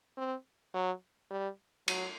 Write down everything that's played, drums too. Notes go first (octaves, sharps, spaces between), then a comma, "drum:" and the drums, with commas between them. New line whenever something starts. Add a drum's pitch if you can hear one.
C4
F#3
G3
F#3, drum: cymbal